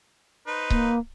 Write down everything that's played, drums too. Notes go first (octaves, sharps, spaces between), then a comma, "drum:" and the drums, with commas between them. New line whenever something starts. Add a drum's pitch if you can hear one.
D#4 B4 C5
A#3, drum: kick C#1